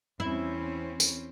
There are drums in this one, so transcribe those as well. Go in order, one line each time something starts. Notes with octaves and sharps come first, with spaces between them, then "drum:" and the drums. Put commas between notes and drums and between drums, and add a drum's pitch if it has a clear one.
E2 C4 C#4 E4
drum: tambourine